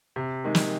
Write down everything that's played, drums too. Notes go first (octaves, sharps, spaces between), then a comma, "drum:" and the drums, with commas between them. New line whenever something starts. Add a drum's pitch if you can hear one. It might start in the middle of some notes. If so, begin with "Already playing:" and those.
C3
D#3 G#3
drum: snare